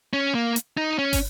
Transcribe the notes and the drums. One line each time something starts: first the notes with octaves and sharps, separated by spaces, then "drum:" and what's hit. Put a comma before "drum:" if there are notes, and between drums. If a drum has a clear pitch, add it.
C#4
A#3
drum: hi-hat
D#4
C#4
drum: kick, open hi-hat